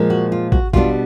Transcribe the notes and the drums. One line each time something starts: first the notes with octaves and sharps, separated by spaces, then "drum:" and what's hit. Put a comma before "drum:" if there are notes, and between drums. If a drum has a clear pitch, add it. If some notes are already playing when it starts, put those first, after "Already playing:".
Already playing: A#2 F3 G#3
F#4
F4
F#4, drum: kick
B2 G3 B3 D4 F4, drum: kick